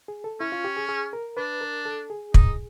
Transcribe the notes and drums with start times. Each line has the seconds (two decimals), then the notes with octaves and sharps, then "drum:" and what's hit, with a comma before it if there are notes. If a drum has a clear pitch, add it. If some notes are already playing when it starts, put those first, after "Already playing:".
0.08 G#4
0.24 A4
0.40 C#4 E4
0.52 F4
0.65 G4
0.77 G#4
0.89 G#4
1.13 A#4
1.37 D4 B4
1.61 A#4
1.85 A4
2.10 G#4
2.34 D#4, drum: kick